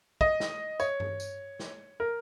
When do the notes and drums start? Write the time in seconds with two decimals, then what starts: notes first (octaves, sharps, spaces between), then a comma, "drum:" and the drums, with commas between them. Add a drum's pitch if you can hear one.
0.21 D#5, drum: kick
0.40 drum: snare
0.80 C#5, drum: tambourine
1.00 drum: tom G2
1.20 drum: tambourine
1.59 drum: snare
2.00 A#4